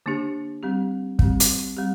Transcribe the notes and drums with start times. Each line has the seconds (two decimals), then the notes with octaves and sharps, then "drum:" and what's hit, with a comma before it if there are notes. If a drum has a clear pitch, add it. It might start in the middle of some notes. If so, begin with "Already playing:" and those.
0.06 D3 A#3 D4 G4
0.63 G3 C4 G4
1.19 G3 C4 G4, drum: kick
1.40 drum: hi-hat
1.77 G3 C4 G4